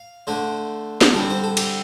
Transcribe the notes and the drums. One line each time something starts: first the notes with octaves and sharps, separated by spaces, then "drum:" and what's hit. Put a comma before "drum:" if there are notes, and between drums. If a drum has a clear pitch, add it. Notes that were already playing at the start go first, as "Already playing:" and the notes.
Already playing: F5
D3 A3 D4 C5
drum: snare
D3 G3 C4 A4
C5
A4
G4, drum: cymbal